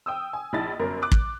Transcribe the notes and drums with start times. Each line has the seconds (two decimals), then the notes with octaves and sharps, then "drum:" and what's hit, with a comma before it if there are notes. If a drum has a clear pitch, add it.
0.06 G5 D#6 E6
0.33 G#5
0.53 A#1 E4 D#5 A5 A6
0.79 G1 F#2 A#4
1.02 D6 F#6
1.12 drum: kick